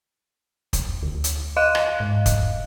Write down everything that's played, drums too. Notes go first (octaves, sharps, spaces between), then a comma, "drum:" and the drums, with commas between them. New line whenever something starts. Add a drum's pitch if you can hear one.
drum: kick, hi-hat
D2
drum: hi-hat
D#5 F5 F#6
drum: rim click
G#2
drum: kick, hi-hat